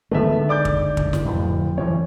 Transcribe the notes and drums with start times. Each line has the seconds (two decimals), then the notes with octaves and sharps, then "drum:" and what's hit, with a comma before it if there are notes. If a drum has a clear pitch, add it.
0.11 D3 D#3 G#3 A3 B3 E5
0.49 D5 D6 G6
0.65 drum: kick
0.97 drum: kick
1.13 drum: snare
1.25 D1 F2
1.78 D2 E3 C4 C#5